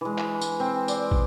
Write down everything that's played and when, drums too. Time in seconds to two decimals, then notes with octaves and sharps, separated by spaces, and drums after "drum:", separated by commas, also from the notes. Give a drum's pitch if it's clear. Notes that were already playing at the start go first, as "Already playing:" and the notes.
0.01 E3 G#3
0.18 drum: clap
0.41 drum: tambourine
0.60 C4
0.88 D5, drum: tambourine
1.12 drum: kick